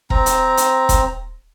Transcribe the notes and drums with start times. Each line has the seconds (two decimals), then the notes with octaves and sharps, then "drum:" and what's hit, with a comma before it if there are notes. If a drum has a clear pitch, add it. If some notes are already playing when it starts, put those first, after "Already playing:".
0.10 C4 A#5, drum: kick E1
0.26 drum: hi-hat
0.57 drum: hi-hat
0.89 drum: kick E1, hi-hat